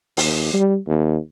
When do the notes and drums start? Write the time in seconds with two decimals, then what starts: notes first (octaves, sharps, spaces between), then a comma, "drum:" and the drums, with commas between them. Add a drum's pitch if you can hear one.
0.17 D#2, drum: open hi-hat
0.54 G3
0.87 D#2